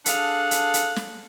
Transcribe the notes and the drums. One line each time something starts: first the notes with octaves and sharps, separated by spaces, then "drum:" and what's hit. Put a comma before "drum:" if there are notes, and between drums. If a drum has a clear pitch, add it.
D4 G#4 A4 F5 F#5, drum: hi-hat
drum: hi-hat
drum: hi-hat
drum: snare